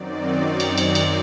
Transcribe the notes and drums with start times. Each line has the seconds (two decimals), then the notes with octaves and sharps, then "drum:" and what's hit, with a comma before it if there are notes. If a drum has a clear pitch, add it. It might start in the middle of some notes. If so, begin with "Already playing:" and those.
Already playing: F#2 D#3 F#3 C4 D#4 D5
0.60 drum: cymbal
0.78 drum: cymbal
0.95 drum: cymbal